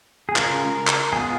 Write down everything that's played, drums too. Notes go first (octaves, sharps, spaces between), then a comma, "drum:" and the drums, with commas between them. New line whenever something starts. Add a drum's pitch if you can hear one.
G#4
C#3 G#3 C#4 F4 A#4, drum: clap
drum: clap
G#3 B3 F4 G#4